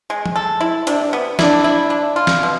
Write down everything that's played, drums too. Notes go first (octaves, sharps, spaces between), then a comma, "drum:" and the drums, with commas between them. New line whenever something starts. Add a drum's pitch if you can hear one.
G#3
drum: tom F3
A4
E4
C3 D4, drum: hi-hat
B3
D4 E4, drum: snare
E4
D4
F4
drum: snare
B2